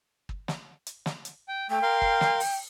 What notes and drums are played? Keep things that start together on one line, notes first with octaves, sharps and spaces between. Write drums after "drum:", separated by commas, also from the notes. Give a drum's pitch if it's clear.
drum: kick
drum: snare
drum: hi-hat
drum: snare
drum: hi-hat
G5
A3 G5
A#4 F5 C6
drum: kick
drum: snare
drum: open hi-hat